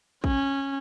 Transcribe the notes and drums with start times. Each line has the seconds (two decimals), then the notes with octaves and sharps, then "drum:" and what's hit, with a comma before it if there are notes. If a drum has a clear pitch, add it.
0.24 C#4, drum: kick